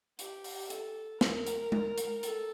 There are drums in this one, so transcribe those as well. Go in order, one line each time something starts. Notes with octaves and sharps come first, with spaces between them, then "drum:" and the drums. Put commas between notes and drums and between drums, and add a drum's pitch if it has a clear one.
G4, drum: hi-hat
drum: open hi-hat
A4, drum: hi-hat
A#4, drum: snare
drum: hi-hat
drum: tom G#3
drum: hi-hat
A4, drum: hi-hat